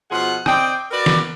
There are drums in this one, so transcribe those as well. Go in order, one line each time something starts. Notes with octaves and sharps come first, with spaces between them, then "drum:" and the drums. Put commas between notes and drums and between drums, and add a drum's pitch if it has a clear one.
B2 F3 F4 G#4 F#5
C4 D5 D#5 G5, drum: rim click
F#4 A#4 B4 D5
drum: snare